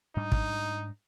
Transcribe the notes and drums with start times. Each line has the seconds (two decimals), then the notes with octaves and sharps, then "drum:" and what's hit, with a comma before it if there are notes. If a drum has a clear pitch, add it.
0.16 G#2 G3 D4 D#4
0.32 drum: kick